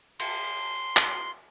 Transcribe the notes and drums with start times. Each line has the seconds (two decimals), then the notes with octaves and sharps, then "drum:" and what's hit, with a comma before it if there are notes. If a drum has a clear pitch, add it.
0.20 C6, drum: cymbal
0.97 drum: clap